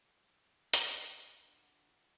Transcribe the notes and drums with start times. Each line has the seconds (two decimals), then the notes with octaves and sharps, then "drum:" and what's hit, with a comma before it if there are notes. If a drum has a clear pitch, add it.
0.74 drum: hi-hat
1.46 D4 F4 F#5 B5 D6